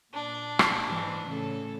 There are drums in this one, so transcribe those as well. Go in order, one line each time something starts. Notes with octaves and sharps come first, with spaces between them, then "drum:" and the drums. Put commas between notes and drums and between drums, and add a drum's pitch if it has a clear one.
A#2 D4
drum: rim click
G#2 E3
A2 C#3 A4